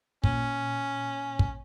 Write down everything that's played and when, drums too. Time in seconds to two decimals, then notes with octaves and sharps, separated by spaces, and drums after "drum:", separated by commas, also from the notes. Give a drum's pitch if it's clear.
0.24 A#2 C#4, drum: kick
1.39 drum: kick